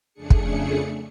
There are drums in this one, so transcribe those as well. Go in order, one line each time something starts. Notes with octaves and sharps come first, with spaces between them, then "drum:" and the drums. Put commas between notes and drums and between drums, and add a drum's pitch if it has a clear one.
F2 C#3 A3 D4 G#4 C#7
drum: kick